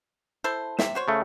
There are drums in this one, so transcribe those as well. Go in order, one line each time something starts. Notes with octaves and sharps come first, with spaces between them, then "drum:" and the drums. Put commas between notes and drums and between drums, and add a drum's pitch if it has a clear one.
E4 A4 C5
C3 E5, drum: snare
F#4 C5 C#5
C#3 A3